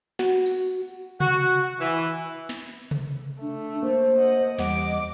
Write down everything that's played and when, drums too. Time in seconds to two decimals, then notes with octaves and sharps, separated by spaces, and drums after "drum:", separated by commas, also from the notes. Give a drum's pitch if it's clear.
0.19 F#4, drum: snare
0.46 drum: tambourine
1.20 F#4, drum: tom C3
1.80 E3
2.49 drum: snare
2.91 drum: tom C3
3.41 A3 D4
3.83 A#3 C5
4.17 D#5 F#5
4.59 E2 G3 D#5 F#5 D6, drum: snare